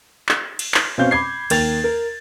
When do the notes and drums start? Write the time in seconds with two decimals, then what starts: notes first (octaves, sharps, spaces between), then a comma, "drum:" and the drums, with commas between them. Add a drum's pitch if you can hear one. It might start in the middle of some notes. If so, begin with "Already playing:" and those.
0.29 drum: clap
0.59 drum: cymbal
0.74 drum: clap
0.98 B2 C4 C#4 F5 G6
1.11 B5 D6 G#6 C7
1.50 D#2 A#4 G5 A6 F7, drum: cymbal
1.84 A#4